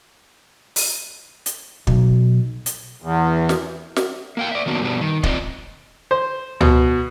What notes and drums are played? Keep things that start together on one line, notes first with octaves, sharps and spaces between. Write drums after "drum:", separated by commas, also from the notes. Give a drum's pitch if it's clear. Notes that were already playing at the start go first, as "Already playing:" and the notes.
drum: open hi-hat
drum: hi-hat
B1, drum: kick
drum: hi-hat
E2
drum: snare
drum: snare
A#3 F5 G5
D5 E5
D#3 F#3 A#3 B3 D4 D#4
G2 B2 G3 A#3 B3 D4
D#3
D#3 C4 F4 D5 D#5, drum: kick
C5
B2, drum: tom C#2